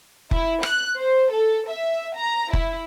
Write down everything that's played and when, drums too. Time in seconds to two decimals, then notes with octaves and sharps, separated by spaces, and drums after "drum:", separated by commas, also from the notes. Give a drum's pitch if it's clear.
0.31 E4, drum: kick F1
0.63 F#6, drum: rim click
0.97 C5
1.31 A4
1.69 E5
2.16 A#5
2.53 E4, drum: kick F1